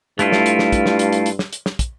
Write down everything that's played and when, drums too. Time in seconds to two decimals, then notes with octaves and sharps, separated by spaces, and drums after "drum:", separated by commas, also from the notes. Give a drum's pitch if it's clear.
0.19 G2 A3 E4 F4, drum: hi-hat
0.32 drum: snare
0.46 drum: hi-hat
0.59 drum: snare
0.72 drum: kick, hi-hat
0.86 drum: snare
0.99 drum: hi-hat
1.13 drum: hi-hat
1.26 drum: hi-hat
1.39 drum: snare
1.53 drum: hi-hat
1.66 drum: snare
1.79 drum: kick, hi-hat